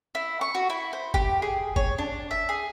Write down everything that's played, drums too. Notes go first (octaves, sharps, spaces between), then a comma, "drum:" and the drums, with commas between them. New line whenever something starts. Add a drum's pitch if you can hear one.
E4
C#6
F#4
E4
C5
G4, drum: kick
G#4
C#5, drum: kick
D4
E5
G#4